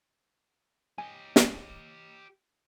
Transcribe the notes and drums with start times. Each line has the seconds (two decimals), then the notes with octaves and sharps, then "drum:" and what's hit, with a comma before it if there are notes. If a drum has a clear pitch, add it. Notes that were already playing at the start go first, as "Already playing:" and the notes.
0.98 G4 D#5 G#5
1.36 drum: snare